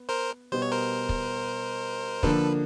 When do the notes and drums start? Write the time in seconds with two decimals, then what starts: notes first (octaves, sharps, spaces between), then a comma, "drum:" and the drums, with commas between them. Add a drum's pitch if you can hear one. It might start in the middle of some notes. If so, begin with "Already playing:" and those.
Already playing: B3
0.09 A#4 C5
0.52 B2 G3 B3 C5
0.62 C#5
0.72 A#4 C5
1.09 drum: kick
2.23 D3 F3 A#3 D4 A4 B4, drum: kick